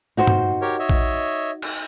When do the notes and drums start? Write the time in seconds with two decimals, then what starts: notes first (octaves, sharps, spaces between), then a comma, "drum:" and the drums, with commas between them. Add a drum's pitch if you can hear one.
0.17 D#4 F#4 C5
0.27 drum: tom
0.61 G4 A#4 C#5
0.79 C#5 D#5 E5
0.89 drum: kick A#1
1.62 drum: cymbal